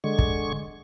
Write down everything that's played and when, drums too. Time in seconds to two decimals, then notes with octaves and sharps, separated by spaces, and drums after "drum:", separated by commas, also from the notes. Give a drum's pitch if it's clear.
0.04 D3 G#3 C#6
0.19 drum: kick